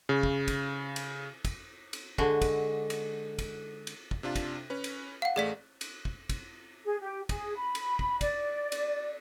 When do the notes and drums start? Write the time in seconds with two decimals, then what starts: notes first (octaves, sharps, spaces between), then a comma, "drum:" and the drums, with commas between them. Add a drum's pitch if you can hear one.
0.09 C#3
0.23 drum: kick
0.48 drum: kick, cymbal
0.96 drum: cymbal
1.45 drum: kick, cymbal
1.93 drum: cymbal
2.18 D3 G#3 F#4, drum: kick
2.42 drum: kick, cymbal
2.90 drum: cymbal
3.39 drum: kick, cymbal
3.87 drum: cymbal
4.11 drum: kick
4.23 C3 D4 F4
4.36 drum: kick, cymbal
4.70 C#4 B4
4.84 drum: cymbal
5.22 F5 F#5
5.36 A1 A3 G#4 D5 B6
5.81 drum: cymbal
6.05 drum: kick
6.29 drum: kick, cymbal
6.85 G#4
7.02 G4
7.29 G#4, drum: kick, cymbal
7.56 B5
7.75 drum: cymbal
7.99 drum: kick
8.21 D5, drum: kick, cymbal
8.72 drum: cymbal